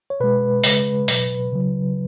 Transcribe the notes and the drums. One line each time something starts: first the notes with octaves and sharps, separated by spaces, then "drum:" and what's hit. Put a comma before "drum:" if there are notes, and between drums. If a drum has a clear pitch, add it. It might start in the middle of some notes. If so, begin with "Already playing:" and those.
C#5
B2 G#3 B4
C#3 G#3, drum: open hi-hat
B2 F#3, drum: open hi-hat
C#3 F#3